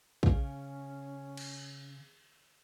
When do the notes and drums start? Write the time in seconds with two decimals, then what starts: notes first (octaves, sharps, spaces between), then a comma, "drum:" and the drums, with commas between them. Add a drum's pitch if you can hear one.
0.23 C#3 C#4, drum: kick
1.37 drum: cymbal